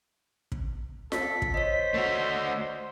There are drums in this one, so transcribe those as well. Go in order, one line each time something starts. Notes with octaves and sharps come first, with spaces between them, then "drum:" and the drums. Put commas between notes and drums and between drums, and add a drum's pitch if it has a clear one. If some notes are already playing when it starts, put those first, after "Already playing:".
drum: kick
A4 B6, drum: snare F4
drum: kick
C5 C#5 D#5
A3 F#4